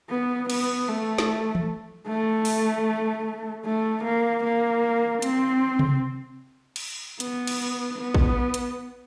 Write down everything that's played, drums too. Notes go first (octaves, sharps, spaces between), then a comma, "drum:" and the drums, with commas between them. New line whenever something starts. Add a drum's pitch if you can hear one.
B3
B3, drum: cymbal
A3
drum: snare
drum: tom E3
A3
drum: open hi-hat
A3
A#3
A#3
C4, drum: hi-hat
drum: tom C3
drum: cymbal
B3, drum: hi-hat
drum: cymbal
B3
drum: kick
drum: hi-hat